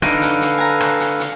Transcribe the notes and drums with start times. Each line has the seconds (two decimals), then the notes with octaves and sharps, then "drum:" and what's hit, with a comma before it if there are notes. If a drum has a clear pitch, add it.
0.02 D3 D#4 A4 B4 F5, drum: rim click
0.22 drum: hi-hat
0.41 drum: hi-hat
0.58 G#5 A#5
0.80 drum: rim click
1.00 drum: hi-hat
1.20 drum: hi-hat